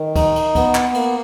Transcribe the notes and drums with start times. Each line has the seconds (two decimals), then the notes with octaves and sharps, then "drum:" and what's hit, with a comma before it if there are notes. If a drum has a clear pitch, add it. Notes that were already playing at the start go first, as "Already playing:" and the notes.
Already playing: D#3
0.16 D#4, drum: kick C#2, cymbal
0.36 drum: cymbal
0.55 B3, drum: kick C#2, cymbal
0.75 drum: clap
0.94 A#3, drum: cymbal